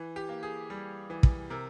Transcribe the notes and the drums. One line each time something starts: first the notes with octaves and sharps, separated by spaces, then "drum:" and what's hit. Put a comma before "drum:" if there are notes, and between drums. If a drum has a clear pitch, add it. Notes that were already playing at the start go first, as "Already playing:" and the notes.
Already playing: E3
G4
A#3
G#4
G3
E3
drum: kick
C3 A#4